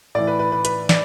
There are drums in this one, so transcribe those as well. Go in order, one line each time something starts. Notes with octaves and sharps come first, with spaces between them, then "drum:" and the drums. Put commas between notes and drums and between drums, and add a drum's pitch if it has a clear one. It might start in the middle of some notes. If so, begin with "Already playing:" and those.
A2 E3 D5
B4
B4
B4
B4, drum: hi-hat
D5, drum: snare